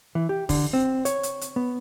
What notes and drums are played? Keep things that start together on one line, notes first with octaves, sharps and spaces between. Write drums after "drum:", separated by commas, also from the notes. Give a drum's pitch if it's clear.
E3
G4
D3, drum: kick F1, open hi-hat
C4
C#5, drum: hi-hat
drum: hi-hat
drum: hi-hat
B3